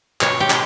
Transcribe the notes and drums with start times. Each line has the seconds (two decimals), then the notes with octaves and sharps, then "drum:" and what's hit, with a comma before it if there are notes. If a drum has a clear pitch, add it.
0.21 B2 C#5, drum: clap
0.40 G4
0.50 G#3, drum: clap